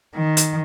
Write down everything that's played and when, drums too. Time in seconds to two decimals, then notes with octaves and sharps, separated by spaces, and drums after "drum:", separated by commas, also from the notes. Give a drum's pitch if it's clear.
0.15 D#3
0.37 drum: hi-hat